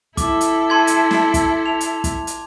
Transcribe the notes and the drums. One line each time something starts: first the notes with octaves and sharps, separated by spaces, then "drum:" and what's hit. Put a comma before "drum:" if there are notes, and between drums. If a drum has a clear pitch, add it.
E4 A4 D6, drum: kick, hi-hat
drum: hi-hat
A5 C6 G#6
drum: hi-hat
drum: snare
drum: kick, hi-hat
F7
drum: hi-hat
drum: kick, hi-hat
drum: hi-hat